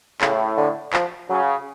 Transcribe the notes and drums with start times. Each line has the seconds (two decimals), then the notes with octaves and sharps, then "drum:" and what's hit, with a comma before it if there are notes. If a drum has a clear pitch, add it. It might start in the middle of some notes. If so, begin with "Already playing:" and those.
0.21 A2 C#3, drum: clap
0.57 D3
0.93 F3, drum: clap
1.29 C#3 F#3